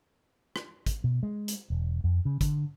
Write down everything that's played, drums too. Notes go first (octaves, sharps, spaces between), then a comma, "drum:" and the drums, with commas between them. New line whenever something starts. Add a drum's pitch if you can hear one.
drum: rim click
drum: kick, hi-hat
B2
G#3
drum: hi-hat
E1
F2
C#3
D3, drum: kick, hi-hat